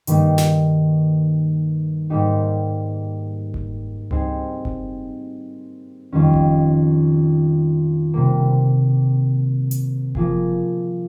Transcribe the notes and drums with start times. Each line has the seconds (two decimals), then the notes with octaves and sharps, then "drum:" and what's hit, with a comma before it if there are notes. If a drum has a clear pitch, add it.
0.07 G2 D#3 G3 A#3 D#4, drum: hi-hat
0.38 drum: snare
2.10 G#2 G3 A#3 D#4 G4
3.54 drum: kick F#1
4.11 G3 C4 D#4 G#4, drum: tom C#2
4.65 drum: kick F#1
6.12 F2 D#3 G3 C#4
6.34 drum: kick F#1
8.14 C3 G3 A#3
9.71 drum: hi-hat
10.15 F3 A#3 F4 G#4, drum: kick F#1